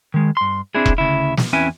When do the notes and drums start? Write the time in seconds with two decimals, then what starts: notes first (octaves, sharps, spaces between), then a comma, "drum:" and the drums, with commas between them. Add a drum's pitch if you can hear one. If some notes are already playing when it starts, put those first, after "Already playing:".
0.14 D#3 G#3
0.37 G2 C6
0.75 C4 D4 E4 G#4
0.86 drum: kick E1
0.98 D2 C#3 E4
1.37 drum: snare
1.53 E2 C4 C#4 E4 B4 G#5